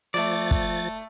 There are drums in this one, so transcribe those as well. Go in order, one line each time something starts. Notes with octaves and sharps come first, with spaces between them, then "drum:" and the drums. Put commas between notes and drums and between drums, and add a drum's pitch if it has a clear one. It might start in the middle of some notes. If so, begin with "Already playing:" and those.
F3 A3 D5 A6
drum: kick